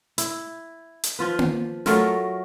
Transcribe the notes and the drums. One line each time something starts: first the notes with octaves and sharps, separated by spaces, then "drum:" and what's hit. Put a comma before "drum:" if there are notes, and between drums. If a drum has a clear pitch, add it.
E4, drum: hi-hat
drum: hi-hat
F3 F4 B4
drum: tom A#3
F#3 A3 F4 A#4, drum: snare